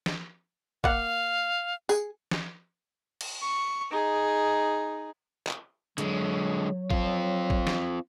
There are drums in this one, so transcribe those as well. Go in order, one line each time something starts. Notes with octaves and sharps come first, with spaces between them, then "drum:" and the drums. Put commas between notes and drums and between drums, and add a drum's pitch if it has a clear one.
drum: snare
A#3 F5 F#5, drum: kick
G#4, drum: tambourine
drum: snare
drum: cymbal
C#6
D#4 G#4
drum: clap
D3 F#3 G#3, drum: hi-hat
C4 F4, drum: kick
drum: kick
drum: snare